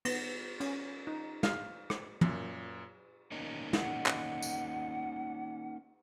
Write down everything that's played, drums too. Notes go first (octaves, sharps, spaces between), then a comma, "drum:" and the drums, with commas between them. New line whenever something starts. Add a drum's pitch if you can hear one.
B3, drum: cymbal
C#4, drum: cymbal
D#4
F5, drum: snare
drum: rim click
F#2 A#2, drum: tom
A#3 C#4 D#4
F#5, drum: snare
drum: clap
drum: tambourine